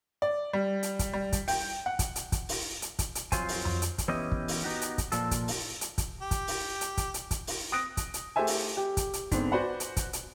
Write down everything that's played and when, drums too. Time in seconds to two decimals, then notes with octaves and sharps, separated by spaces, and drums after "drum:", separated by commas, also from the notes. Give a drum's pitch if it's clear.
0.22 D5
0.53 G3
0.83 drum: hi-hat
0.99 drum: kick, hi-hat
1.14 G3
1.33 drum: kick, hi-hat
1.48 G5, drum: open hi-hat
1.86 F#5
1.99 drum: kick, hi-hat
2.16 drum: hi-hat
2.32 drum: kick, hi-hat
2.49 drum: open hi-hat
2.82 drum: hi-hat
2.99 drum: kick, hi-hat
3.15 drum: hi-hat
3.32 F2 F#3 F4 C5 G#5, drum: kick, hi-hat
3.49 drum: open hi-hat
3.65 drum: tom F2
3.82 drum: hi-hat
3.98 drum: kick, hi-hat
4.08 E3 B3 C#4 E4 G4 D#5
4.32 drum: kick
4.48 drum: open hi-hat
4.63 B3 D#4 F#4 G4
4.81 drum: hi-hat
4.98 drum: kick, hi-hat
5.12 A#2 F3 A4, drum: hi-hat
5.31 drum: kick, hi-hat
5.48 drum: open hi-hat
5.81 drum: hi-hat
5.98 drum: kick, hi-hat
6.22 G4
6.31 drum: kick, hi-hat
6.48 drum: open hi-hat
6.81 drum: hi-hat
6.97 drum: kick, hi-hat
7.14 drum: hi-hat
7.31 drum: kick, hi-hat
7.47 drum: open hi-hat
7.72 D#6 F#6 A#6 D7
7.97 drum: kick, hi-hat
8.14 drum: hi-hat
8.36 A3 G4 G#4 C5 E5 G#5
8.47 drum: open hi-hat
8.77 G4
8.97 drum: kick, hi-hat
9.13 drum: hi-hat
9.31 G#2 D3 B3 C4, drum: kick, hi-hat
9.51 F#4 B4 C5 D5 F#5 G#5
9.80 drum: hi-hat
9.97 drum: kick, hi-hat
10.13 drum: hi-hat